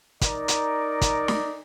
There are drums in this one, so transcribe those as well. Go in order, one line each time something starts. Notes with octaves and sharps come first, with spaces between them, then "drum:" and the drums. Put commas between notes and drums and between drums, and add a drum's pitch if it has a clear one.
D#4 A#4 D5, drum: kick, hi-hat
drum: hi-hat
drum: kick, hi-hat
drum: snare